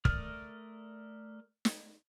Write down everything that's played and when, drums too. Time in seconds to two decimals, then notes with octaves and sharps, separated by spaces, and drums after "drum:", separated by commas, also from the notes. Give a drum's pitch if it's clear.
0.05 A3 A#4 D5 D#6 F6, drum: kick
1.65 drum: snare